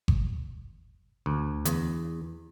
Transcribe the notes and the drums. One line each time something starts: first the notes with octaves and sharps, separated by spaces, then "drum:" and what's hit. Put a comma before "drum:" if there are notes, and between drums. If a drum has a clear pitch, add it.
drum: kick G1
D2
E2, drum: hi-hat